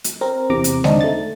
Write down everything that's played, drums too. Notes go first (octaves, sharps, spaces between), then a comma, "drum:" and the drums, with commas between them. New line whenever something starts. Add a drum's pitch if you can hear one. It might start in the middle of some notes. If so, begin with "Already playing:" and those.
drum: hi-hat
C4 A#4
E2 C3 C4 A#5 D6
drum: hi-hat
C4 D4 D#4, drum: snare G#3
A3 A6